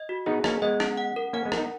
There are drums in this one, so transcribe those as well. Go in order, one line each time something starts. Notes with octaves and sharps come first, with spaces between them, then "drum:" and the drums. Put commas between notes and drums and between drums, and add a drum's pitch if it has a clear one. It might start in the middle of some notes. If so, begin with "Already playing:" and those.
Already playing: D#5
F#4
B3 D#4 G#4
A#3 C#4 D#5, drum: rim click
G#3 B3 D#5
C#4, drum: rim click
F#5
A#4
A#3 C#4 F#5
G#3 B3
A#4, drum: rim click
B3 D#4